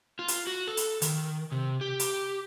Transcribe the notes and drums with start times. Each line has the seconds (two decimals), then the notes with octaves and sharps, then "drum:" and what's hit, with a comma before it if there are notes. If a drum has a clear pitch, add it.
0.19 F4
0.28 drum: hi-hat
0.47 F#4
0.68 A4
0.77 drum: hi-hat
1.02 D#3, drum: hi-hat
1.52 C3
1.81 G4
2.00 drum: hi-hat